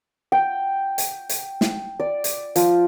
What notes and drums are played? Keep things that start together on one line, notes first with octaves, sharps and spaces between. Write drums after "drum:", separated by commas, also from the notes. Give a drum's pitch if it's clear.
G5
drum: hi-hat
drum: hi-hat
drum: snare
D5
drum: hi-hat
F3, drum: hi-hat